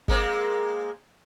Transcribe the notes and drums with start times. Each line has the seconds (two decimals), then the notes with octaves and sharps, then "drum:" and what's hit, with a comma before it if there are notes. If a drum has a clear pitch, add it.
0.08 G#3 A#3 C4, drum: kick G1